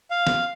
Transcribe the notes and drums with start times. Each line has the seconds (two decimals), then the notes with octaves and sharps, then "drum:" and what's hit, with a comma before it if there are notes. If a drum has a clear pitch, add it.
0.11 F5
0.27 drum: snare